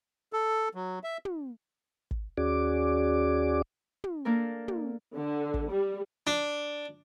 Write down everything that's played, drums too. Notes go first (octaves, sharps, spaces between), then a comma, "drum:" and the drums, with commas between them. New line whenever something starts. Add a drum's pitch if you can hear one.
A4
F#3
E5
drum: tom
drum: kick
D#2 C#4 F#4 G#4 D5 D6
drum: tom
A#3 D4 A4 A#4
drum: tom
D3
drum: kick
G3
D4